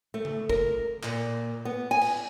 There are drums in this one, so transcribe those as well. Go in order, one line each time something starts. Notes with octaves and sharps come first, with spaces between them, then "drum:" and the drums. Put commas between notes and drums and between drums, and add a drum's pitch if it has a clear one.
A3
drum: tom C#3
A#4, drum: kick
A#2, drum: clap
B3
G#5
drum: cymbal